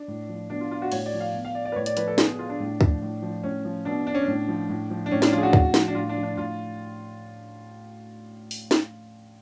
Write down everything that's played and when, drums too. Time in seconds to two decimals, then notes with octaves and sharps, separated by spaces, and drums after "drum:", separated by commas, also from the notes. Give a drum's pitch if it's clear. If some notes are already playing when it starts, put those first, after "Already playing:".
Already playing: D4
0.08 A2
0.29 F3
0.50 B2 D4
0.61 F4
0.71 F4
0.82 F#4
0.92 A2 C#5, drum: cymbal
1.06 D5
1.13 F3
1.21 F5
1.33 B2
1.45 F5
1.55 D5
1.65 D5
1.72 B4
1.76 A2 C#5
1.86 D5, drum: hi-hat
1.97 F3 B4, drum: hi-hat
2.08 A4
2.18 B2 G#4, drum: snare
2.29 G#4
2.39 F4
2.49 D4
2.60 A2
2.81 F3, drum: kick
3.02 A2
3.22 F3
3.43 A2 C#4
3.65 F3
3.85 B2 D4
4.07 D4
4.15 C#4
4.23 A2 D4
4.48 F3
4.69 A2
4.90 F3
5.06 D4
5.11 A2 C#4
5.22 D4, drum: snare
5.32 F3 F4
5.38 G#4
5.43 F#4
5.53 A2, drum: kick
5.74 F3, drum: snare
5.88 D4
5.95 A2 F4
6.09 D4
6.16 F3
6.23 D4
6.37 A2 F4
8.51 drum: open hi-hat
8.71 drum: snare